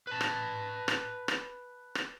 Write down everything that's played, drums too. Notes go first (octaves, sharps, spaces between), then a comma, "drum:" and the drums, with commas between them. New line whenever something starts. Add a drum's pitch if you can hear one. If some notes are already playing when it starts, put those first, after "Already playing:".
B4 A5
drum: rim click
drum: rim click
drum: rim click
drum: rim click